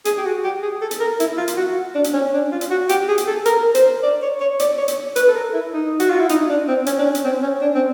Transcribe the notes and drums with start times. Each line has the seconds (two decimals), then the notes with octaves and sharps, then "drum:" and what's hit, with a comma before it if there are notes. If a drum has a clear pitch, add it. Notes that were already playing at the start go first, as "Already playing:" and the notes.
0.05 G#4, drum: hi-hat
0.18 G4
0.25 F#4
0.44 G4
0.63 G#4
0.82 A4
0.91 drum: hi-hat
1.00 A#4
1.20 E4, drum: hi-hat
1.38 F4
1.48 drum: hi-hat
1.57 F#4
1.95 D4
2.04 drum: hi-hat
2.14 C#4
2.33 D4
2.52 F4
2.61 drum: hi-hat
2.70 F#4
2.89 G4, drum: hi-hat
3.08 G#4
3.18 drum: hi-hat
3.27 A4
3.45 A#4, drum: hi-hat
3.75 C5, drum: hi-hat
4.03 D5
4.22 C#5
4.40 C#5
4.59 D5, drum: hi-hat
4.78 C#5
4.88 drum: hi-hat
5.16 B4, drum: hi-hat
5.28 A4
5.35 A#4
5.53 E4
5.73 D#4
6.00 F#4, drum: hi-hat
6.10 F4
6.19 E4
6.29 D#4, drum: hi-hat
6.49 D4
6.68 C4
6.86 C#4, drum: hi-hat
6.99 D4
7.05 C#4
7.15 drum: hi-hat
7.24 C4
7.42 C#4
7.61 D4
7.74 C4